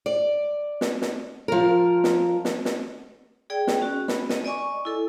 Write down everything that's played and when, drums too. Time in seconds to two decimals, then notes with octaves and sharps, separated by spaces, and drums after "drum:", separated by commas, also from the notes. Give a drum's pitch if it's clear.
0.06 D5
0.81 drum: snare
1.02 drum: snare
1.48 F3 A#4
2.04 drum: snare
2.45 drum: snare
2.65 drum: snare
3.50 G#4 D5 G5
3.67 drum: snare
3.81 C#4 F#4
4.08 B5, drum: snare
4.29 D#5, drum: snare
4.45 D5 D#5 G#5 C#6 D6
4.85 E4 A4 G#5